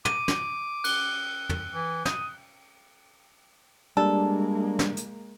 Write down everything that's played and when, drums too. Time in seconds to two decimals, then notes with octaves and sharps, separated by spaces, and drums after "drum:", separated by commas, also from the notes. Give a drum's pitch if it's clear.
0.05 D6 D#7, drum: tom
0.28 drum: snare
0.84 F#6 G7, drum: cymbal
1.49 drum: tom
1.74 E3
2.05 D#6, drum: snare
3.97 G3 G#3 A#3 D4 A4
4.79 drum: snare
4.97 drum: hi-hat